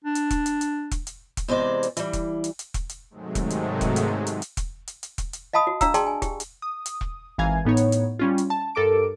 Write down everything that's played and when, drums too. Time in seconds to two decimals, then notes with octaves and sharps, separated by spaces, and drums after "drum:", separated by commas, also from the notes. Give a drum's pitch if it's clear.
0.04 D4
0.15 drum: hi-hat
0.30 drum: kick E1, hi-hat
0.46 drum: hi-hat
0.61 drum: hi-hat
0.91 drum: kick E1, hi-hat
1.07 drum: hi-hat
1.37 drum: kick E1, hi-hat
1.48 E2 C3 G#3 C5 D5
1.83 drum: hi-hat
1.97 E3 G3, drum: hi-hat
2.13 drum: kick E1, hi-hat
2.44 drum: hi-hat
2.59 drum: hi-hat
2.74 drum: kick E1, hi-hat
2.89 drum: hi-hat
3.10 G#2 C3 D#3 F#3 G#3 A3
3.35 drum: kick E1, hi-hat
3.50 drum: hi-hat
3.81 drum: kick E1, hi-hat
3.96 drum: hi-hat
4.27 drum: hi-hat
4.42 drum: hi-hat
4.57 drum: kick E1, hi-hat
4.88 drum: hi-hat
5.03 drum: hi-hat
5.18 drum: kick E1, hi-hat
5.33 drum: hi-hat
5.53 D#5 F5 A5 B5 D#6
5.67 F#4
5.81 D4 F5 A#5 E6, drum: kick E1, hi-hat
5.94 G#4 D5 G5 A5 C6, drum: hi-hat
6.07 G#5
6.22 G4, drum: kick E1, hi-hat
6.40 drum: hi-hat
6.62 D#6
6.86 drum: hi-hat
7.01 drum: kick E1
7.38 G#1 E3 F5 G#5 A#5 G#6
7.65 A2 B3 D#4 C#5
7.77 drum: hi-hat
7.92 drum: hi-hat
8.19 G3 C#4 F4
8.38 drum: hi-hat
8.50 A5
8.75 G2 A4 A#4 D6 D7